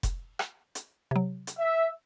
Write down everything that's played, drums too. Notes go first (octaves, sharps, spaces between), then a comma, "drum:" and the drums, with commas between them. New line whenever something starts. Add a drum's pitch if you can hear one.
drum: kick F1, hi-hat
drum: rim click
drum: hi-hat
C3 F#3
drum: hi-hat
E5